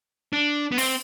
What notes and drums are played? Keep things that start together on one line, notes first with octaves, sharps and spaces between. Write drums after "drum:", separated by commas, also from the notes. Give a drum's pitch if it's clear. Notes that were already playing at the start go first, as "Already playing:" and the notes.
D4
B3
C4, drum: open hi-hat